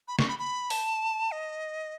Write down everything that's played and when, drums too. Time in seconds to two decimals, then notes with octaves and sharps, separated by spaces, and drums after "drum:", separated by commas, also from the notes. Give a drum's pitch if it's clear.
0.08 B5
0.19 C#6, drum: snare
0.28 B5
0.39 B5
0.70 A5, drum: open hi-hat
1.32 D#5